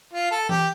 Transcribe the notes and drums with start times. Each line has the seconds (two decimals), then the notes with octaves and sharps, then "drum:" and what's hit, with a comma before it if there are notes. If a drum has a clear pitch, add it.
0.13 F4
0.31 A4
0.49 G4, drum: tom E3